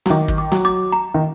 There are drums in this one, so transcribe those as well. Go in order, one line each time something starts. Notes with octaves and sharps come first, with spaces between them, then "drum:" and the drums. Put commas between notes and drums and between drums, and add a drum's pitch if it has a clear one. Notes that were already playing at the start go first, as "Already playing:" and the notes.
F#3, drum: snare
D#3 D6
drum: kick
D6
F#3, drum: snare
D6
A#5
D#3